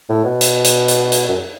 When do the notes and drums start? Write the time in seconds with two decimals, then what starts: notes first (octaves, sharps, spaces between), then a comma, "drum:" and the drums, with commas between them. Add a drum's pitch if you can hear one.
0.09 A2
0.24 B2
0.41 drum: hi-hat
0.64 drum: hi-hat
0.88 drum: hi-hat
1.12 drum: hi-hat
1.29 F#2